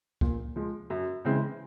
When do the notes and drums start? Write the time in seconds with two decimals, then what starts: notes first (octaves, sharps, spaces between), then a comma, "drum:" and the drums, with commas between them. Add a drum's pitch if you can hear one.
0.21 A#2, drum: kick C#2
0.56 F3 G#3
0.90 F#2
1.25 C#3 E3 G#3 C4